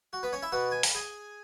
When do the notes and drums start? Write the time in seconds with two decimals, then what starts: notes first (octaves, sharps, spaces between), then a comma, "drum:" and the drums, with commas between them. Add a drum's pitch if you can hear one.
0.13 F#4
0.23 B3 B4
0.33 C#4 C#5
0.42 E4 E5
0.52 B2 B3 F#4 F#5
0.71 G#5
0.83 B5, drum: open hi-hat
0.95 G#4 G#5